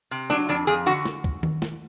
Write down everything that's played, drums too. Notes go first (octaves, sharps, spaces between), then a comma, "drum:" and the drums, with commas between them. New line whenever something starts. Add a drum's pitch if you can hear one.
C3
F#3 D4, drum: snare
F2 D4
F2 G#4, drum: hi-hat
D3 F#4
drum: snare
drum: kick
drum: tom D#3
drum: snare